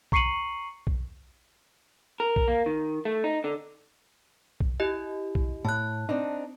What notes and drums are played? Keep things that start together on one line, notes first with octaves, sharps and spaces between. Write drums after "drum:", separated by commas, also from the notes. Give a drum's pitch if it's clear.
A#5 C#6 C7 C#7 D#7 F#7, drum: kick B1
drum: kick B1
A#4
drum: kick B1
A#3
D#3
A3
D#4
D3
drum: kick B1
E4 G4 D#5
drum: kick B1
A2 A5 F#6
C4 D4 D#4